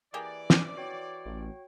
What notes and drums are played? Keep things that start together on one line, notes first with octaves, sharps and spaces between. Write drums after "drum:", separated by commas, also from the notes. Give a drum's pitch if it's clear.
E3 A#3 G4 G#4 D5
drum: snare
F#4 C#5 G5
A1